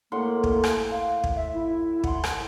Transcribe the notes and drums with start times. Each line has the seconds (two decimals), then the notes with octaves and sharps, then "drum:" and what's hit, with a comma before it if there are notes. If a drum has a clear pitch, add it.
0.12 A2 A#3 F#5 C6
0.44 drum: kick
0.64 drum: rim click
0.91 F5
1.24 drum: kick
1.36 E5
1.54 E4
2.04 F#5 C6, drum: kick
2.24 drum: rim click